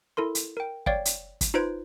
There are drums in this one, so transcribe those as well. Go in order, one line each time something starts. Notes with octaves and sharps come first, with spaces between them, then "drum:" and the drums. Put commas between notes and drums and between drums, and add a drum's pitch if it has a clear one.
E4 A4 A#4 C6
drum: hi-hat
A#4 G5
C#5 D5 F5 G5, drum: kick
drum: hi-hat
drum: kick, hi-hat
D#4 F4 B4 C5 G#6 D7